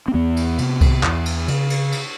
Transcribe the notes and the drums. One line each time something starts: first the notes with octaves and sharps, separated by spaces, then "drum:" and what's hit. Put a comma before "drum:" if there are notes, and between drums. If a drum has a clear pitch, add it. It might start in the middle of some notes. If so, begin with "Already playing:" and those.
C4
E2 B3
drum: cymbal
C3, drum: cymbal
drum: kick C2, cymbal
E2, drum: clap
drum: cymbal
C#3, drum: cymbal
drum: cymbal
drum: cymbal